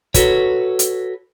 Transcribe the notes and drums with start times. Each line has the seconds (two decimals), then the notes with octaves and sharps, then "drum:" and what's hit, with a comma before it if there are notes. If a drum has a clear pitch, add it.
0.14 F#4 A4 B4 C#5, drum: kick, hi-hat
0.79 drum: hi-hat